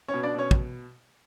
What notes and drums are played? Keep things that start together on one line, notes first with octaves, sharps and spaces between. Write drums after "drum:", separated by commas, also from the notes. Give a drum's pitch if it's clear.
C#4 C#5
B2
D4 D5
B2 C#4 C#5
drum: kick